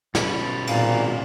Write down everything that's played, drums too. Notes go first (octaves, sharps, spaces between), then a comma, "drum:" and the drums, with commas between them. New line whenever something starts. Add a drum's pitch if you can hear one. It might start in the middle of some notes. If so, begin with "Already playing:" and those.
G1 B2 C#4 B4, drum: snare
G#1 A#2 F5, drum: cymbal